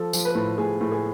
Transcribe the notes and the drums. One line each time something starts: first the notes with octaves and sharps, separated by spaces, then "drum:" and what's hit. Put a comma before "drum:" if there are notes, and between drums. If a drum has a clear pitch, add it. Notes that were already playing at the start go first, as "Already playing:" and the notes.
Already playing: F3 A4
F3, drum: tambourine
B4
A2
A2 G#4
A2
G#4